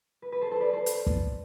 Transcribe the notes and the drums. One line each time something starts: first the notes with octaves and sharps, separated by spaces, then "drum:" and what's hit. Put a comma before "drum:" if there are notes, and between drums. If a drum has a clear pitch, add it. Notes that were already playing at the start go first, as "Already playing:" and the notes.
B4
B4
A4 C5
A4 C5
B4 D5
A4 C5
B4, drum: hi-hat
drum: kick